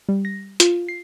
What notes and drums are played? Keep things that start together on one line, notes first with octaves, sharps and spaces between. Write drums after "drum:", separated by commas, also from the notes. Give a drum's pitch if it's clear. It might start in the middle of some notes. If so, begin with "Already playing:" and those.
G3
A#6
F4, drum: hi-hat
C7